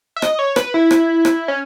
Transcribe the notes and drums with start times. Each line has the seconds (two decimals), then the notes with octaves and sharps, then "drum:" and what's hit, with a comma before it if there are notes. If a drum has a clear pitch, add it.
0.16 E5
0.22 D#5, drum: rim click
0.39 C#5
0.56 B4, drum: rim click
0.74 E4
0.91 drum: rim click
1.25 drum: rim click
1.48 C#4